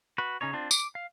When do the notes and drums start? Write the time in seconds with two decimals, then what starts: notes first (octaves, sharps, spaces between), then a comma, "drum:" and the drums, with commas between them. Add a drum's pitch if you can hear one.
0.18 F#4 B4
0.41 C#3 C#4 D#4 C#5
0.53 C4 D4 F4
0.71 D6, drum: tambourine
0.95 F5